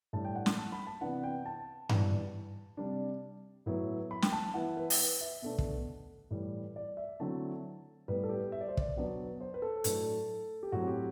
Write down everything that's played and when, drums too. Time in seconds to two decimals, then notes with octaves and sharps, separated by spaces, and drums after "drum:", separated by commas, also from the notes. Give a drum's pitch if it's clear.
0.13 A2 G3 D4 A5
0.24 G5
0.35 F#5
0.46 A5, drum: snare
0.58 A5
0.72 B5
0.87 A5
1.01 C3 E3 B3 D4 F#5
1.23 G5
1.46 A5
1.89 E3 G3 D4, drum: tom G2
2.77 C3 G3 D4
3.66 A2 F#3 B3 E4
4.11 B5
4.22 G5, drum: snare
4.32 A5
4.54 E3 B3 E4 F#5
4.77 B4
4.90 drum: open hi-hat
5.21 E5
5.42 B2 A3 D4
5.58 drum: kick
6.31 A2 E3 G3
6.76 D5
6.97 E5
7.20 D3 F#3 A3 C4 E4 A5
8.08 A2 G3 B3 B4
8.24 A4
8.29 G4
8.52 E5
8.61 D5
8.69 C5
8.77 D5, drum: kick
8.96 B2 F#3 B3 D4
9.41 C5
9.54 B4
9.62 A4
9.84 A2 F#3 A3 D4, drum: hi-hat
10.63 G4
10.72 A2 F#3 C4 F#4
10.88 G4